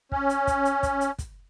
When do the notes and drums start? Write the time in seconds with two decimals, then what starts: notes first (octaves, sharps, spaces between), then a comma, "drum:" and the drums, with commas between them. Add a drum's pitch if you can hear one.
0.12 C#4, drum: kick
0.29 drum: hi-hat
0.47 drum: kick, hi-hat
0.65 drum: hi-hat
0.83 drum: kick, hi-hat
1.01 drum: hi-hat
1.19 drum: kick, hi-hat